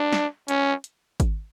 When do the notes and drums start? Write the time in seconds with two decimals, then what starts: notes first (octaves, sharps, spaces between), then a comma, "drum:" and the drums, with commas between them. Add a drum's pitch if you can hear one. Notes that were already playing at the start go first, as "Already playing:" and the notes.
Already playing: D4
0.12 drum: snare
0.48 C#4, drum: hi-hat
0.84 drum: hi-hat
1.20 drum: kick G#1, hi-hat